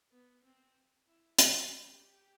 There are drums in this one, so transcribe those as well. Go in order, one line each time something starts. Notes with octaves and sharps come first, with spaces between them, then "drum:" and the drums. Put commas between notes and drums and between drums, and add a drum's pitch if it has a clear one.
B3
C4
E4
F4, drum: hi-hat
G4